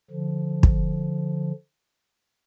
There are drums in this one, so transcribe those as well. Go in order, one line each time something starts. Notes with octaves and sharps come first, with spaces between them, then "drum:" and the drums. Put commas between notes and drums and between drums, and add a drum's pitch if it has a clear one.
D3 F3
drum: kick